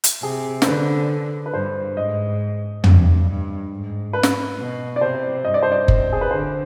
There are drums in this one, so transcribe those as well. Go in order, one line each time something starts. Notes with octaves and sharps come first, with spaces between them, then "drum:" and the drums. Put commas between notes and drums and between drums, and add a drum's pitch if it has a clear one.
drum: hi-hat
C3 G#4
C5, drum: snare
D3 B4
B4
G2 C5
G#2 D#5
G2, drum: tom
G2
G#2
B4
drum: snare
B2
D5
C3 C5
G2 D#5
D5
C5
D5
C3, drum: kick F#1
G#4
B4
D3 C5